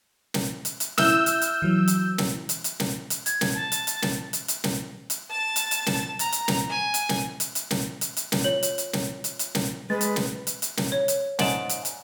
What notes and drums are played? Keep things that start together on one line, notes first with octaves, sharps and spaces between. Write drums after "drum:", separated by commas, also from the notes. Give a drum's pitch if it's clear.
drum: snare
drum: hi-hat
drum: hi-hat
E4 E6 F6 G6, drum: snare
drum: hi-hat
drum: hi-hat
E3 F#3
drum: hi-hat
drum: snare
drum: hi-hat
drum: hi-hat
drum: snare
drum: hi-hat
G#6, drum: hi-hat
drum: snare
A5
drum: hi-hat
drum: hi-hat
drum: snare
drum: hi-hat
drum: hi-hat
drum: snare
drum: hi-hat
A5 A6
drum: hi-hat
drum: hi-hat
drum: snare
A#5, drum: hi-hat
drum: hi-hat
drum: snare
G#5
drum: hi-hat
drum: snare
drum: hi-hat
drum: hi-hat
drum: snare
drum: hi-hat
drum: hi-hat
drum: snare
F4 C#5 F#7
drum: hi-hat
drum: hi-hat
drum: snare
drum: hi-hat
drum: hi-hat
drum: snare
G#3 B4 A6
drum: hi-hat
drum: snare
drum: hi-hat
drum: hi-hat
drum: snare
C#5
drum: hi-hat
G#2 D5 A5, drum: snare
drum: hi-hat
drum: hi-hat